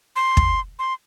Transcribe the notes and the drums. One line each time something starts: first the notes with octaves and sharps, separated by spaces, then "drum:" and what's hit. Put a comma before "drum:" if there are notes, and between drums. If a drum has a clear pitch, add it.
C6
drum: kick
C6